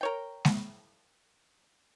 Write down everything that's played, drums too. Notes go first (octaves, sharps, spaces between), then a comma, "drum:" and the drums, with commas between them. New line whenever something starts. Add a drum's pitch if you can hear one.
A#4 C#5 G5
drum: snare G#3